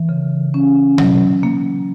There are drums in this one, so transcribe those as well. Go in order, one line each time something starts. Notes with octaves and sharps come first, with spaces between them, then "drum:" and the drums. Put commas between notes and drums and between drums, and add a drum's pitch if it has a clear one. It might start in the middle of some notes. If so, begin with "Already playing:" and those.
Already playing: E3
C#3
C#4
F#3, drum: tom B2
A#3